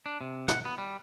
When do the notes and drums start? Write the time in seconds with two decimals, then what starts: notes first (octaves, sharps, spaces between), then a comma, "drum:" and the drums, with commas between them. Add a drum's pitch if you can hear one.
0.06 D4
0.21 C3
0.48 F#5, drum: snare
0.65 B3
0.78 G3